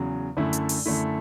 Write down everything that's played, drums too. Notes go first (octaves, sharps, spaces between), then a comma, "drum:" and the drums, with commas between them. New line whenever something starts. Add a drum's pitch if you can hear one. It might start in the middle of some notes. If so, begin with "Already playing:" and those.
Already playing: E2 C#3 F#3
F#2 D3 A3 E4
drum: hi-hat
drum: open hi-hat
F#2 D3 A3 E4